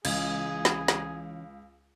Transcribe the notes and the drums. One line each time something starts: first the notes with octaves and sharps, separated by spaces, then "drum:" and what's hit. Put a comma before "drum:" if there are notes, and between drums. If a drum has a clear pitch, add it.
C#2 E3 C#4 G#4 G#6, drum: cymbal
drum: snare
drum: snare